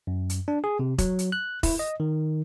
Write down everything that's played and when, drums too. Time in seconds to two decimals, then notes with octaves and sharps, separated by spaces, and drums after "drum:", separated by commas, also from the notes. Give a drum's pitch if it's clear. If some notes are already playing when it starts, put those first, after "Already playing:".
0.07 F#2
0.30 drum: hi-hat
0.48 D4
0.64 G#4
0.79 C3
0.98 F#3, drum: kick E1, hi-hat
1.19 drum: hi-hat
1.32 F#6
1.63 E4, drum: kick E1, open hi-hat
1.79 D#5
2.00 D#3